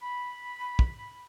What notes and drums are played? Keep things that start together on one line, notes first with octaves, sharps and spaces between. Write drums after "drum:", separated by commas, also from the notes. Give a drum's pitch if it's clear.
B5
drum: kick